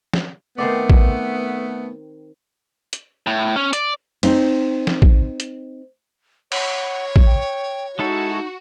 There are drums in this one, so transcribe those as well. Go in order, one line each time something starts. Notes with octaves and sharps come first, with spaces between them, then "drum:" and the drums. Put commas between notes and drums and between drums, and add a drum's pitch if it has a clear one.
drum: snare
D#3 A3 B3 C4 D5
drum: kick
drum: hi-hat
A2
C#4
D5, drum: hi-hat
C4 D#4, drum: cymbal
drum: snare
drum: kick
drum: hi-hat
C#5 F#5, drum: cymbal
drum: kick
G5
G#3 D#4 E4 F#4 A4